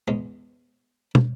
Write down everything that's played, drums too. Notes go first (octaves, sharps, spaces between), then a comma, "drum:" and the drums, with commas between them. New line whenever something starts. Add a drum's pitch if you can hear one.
E2 G#3 C#4
drum: tom